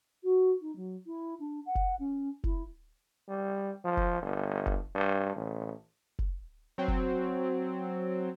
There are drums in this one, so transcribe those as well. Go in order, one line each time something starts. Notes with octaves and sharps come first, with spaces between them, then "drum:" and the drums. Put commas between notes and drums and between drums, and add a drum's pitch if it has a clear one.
F#4
D#4
F#3
E4
D4
F#5
drum: kick F1
C#4
E4, drum: kick F1
G3
F3
drum: kick F1
G1
drum: kick F1
G2
A1
drum: kick F1
F#3 C4
drum: kick F1